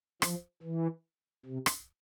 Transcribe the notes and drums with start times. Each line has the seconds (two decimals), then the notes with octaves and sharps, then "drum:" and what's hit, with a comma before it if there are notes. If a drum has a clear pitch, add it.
0.22 F3, drum: rim click
0.63 E3
1.46 C3
1.66 drum: rim click